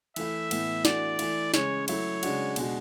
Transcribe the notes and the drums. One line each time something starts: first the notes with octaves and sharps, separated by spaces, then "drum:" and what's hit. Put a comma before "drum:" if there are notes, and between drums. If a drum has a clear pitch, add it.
E3 A3 E4 E5, drum: cymbal
A2 E3 B3, drum: cymbal
E3 A3 D4 F#4 D5, drum: snare
E3 A3 E4, drum: cymbal
C#3 G#3 C#4 C#5, drum: snare
F#3 A3 E4 C#5, drum: cymbal
C#3 G#3 D4 F#4, drum: cymbal
B2 G#3 D4 F#4, drum: cymbal